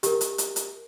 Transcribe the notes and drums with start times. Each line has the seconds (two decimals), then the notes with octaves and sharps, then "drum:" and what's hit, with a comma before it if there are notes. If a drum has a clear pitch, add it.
0.03 G4 A#4, drum: hi-hat
0.21 drum: hi-hat
0.38 drum: hi-hat
0.56 drum: hi-hat